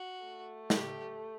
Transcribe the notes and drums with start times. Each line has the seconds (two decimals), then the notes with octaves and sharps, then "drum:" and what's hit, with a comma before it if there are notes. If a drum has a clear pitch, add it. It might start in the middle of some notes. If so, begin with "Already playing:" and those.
Already playing: F#4
0.24 A3
0.70 G4, drum: snare